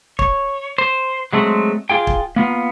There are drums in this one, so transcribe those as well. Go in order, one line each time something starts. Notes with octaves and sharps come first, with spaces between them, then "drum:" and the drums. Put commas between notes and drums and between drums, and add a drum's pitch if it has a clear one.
C#5, drum: kick
C5
F#3 G#3 A3 C4
F4 G#4 G5
drum: kick
A#3 B3 F4